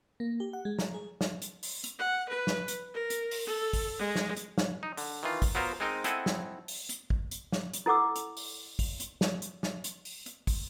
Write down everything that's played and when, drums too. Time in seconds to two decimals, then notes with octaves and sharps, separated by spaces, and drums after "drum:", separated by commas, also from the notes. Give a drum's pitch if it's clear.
0.20 A#3
0.40 G4
0.53 F#5
0.65 G#3
0.79 A#5, drum: snare
0.94 G#4
1.21 drum: snare
1.42 drum: hi-hat
1.63 drum: open hi-hat
1.84 drum: hi-hat
1.99 F#5
2.29 B4
2.47 drum: snare
2.68 drum: hi-hat
2.94 A#4
3.10 drum: hi-hat
3.31 drum: open hi-hat
3.47 A4
3.73 drum: kick, open hi-hat
3.99 G#3
4.16 drum: snare
4.37 drum: hi-hat
4.58 drum: snare
4.83 D#4
4.97 D3, drum: open hi-hat
5.23 D#3 E3 F4
5.42 drum: kick, open hi-hat
5.55 F#3 B3 F4 A#4 C5
5.80 G#3 C4 D#4 A#4 D#5
6.04 C4 E4 A4 D#5 F#5 G#5, drum: hi-hat
6.26 drum: snare
6.68 drum: open hi-hat
6.89 drum: hi-hat
7.10 drum: kick
7.31 drum: hi-hat
7.52 drum: snare
7.74 drum: hi-hat
7.86 E4 A4 F#5 D6 E6
8.16 drum: hi-hat
8.37 drum: open hi-hat
8.79 drum: kick, open hi-hat
9.00 drum: hi-hat
9.21 drum: snare
9.42 drum: hi-hat
9.63 drum: snare
9.84 drum: hi-hat
10.05 drum: open hi-hat
10.26 drum: hi-hat
10.47 drum: kick, open hi-hat